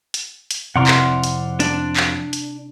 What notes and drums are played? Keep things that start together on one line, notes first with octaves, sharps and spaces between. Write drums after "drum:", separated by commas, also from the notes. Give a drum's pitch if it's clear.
drum: hi-hat
drum: hi-hat
F2 C3 E4 D5 F#5 A#5 C6 F6
drum: clap
drum: hi-hat
D4, drum: hi-hat
drum: clap
drum: hi-hat